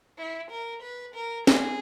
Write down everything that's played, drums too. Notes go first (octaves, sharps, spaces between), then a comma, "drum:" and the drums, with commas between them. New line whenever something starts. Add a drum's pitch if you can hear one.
E4
A#4
B4
A#4
G#4, drum: snare